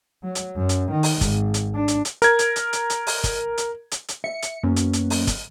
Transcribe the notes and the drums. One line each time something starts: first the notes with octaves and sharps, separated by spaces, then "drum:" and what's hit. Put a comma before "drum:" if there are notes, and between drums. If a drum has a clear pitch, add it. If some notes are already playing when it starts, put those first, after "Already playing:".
F#3
drum: hi-hat
F#2
drum: hi-hat
D#3
drum: open hi-hat
G#1, drum: kick, hi-hat
drum: hi-hat
D4
drum: hi-hat
drum: hi-hat
A#4 G#6, drum: hi-hat
drum: hi-hat
drum: hi-hat
drum: hi-hat
drum: hi-hat
drum: open hi-hat
drum: kick, hi-hat
drum: hi-hat
drum: hi-hat
drum: hi-hat
E5 C#7
drum: hi-hat
F#2 A#3 B3 C#4
drum: hi-hat
drum: hi-hat
drum: open hi-hat
drum: kick, hi-hat